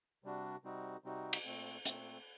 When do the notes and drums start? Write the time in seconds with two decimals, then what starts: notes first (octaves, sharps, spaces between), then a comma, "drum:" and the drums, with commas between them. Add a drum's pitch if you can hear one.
0.24 C3 G3 D4 F#4
0.64 C3 G3 C4 D#4 F#4
1.04 C3 G3 C4 D#4 F#4
1.33 drum: cymbal
1.45 A#2 A3 C4
1.85 A#2 A3 C4, drum: hi-hat